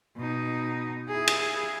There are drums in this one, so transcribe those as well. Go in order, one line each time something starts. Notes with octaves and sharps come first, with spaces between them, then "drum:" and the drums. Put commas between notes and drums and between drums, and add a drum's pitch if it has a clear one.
B2 D#4
E4 G#4
drum: cymbal